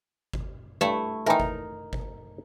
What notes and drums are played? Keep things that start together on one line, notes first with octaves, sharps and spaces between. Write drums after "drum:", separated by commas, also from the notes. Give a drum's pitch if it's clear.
drum: kick G1
G2 A3 E4
D#3 E3 A3 D#4 A#4
drum: kick G1
drum: kick G1